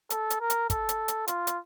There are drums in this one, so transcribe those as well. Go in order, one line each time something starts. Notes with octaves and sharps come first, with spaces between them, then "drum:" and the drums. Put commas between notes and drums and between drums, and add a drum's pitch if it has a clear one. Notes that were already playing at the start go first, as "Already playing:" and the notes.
A4, drum: hi-hat
drum: hi-hat
A#4
drum: hi-hat
A4, drum: kick, hi-hat
drum: hi-hat
drum: hi-hat
F4, drum: hi-hat
drum: hi-hat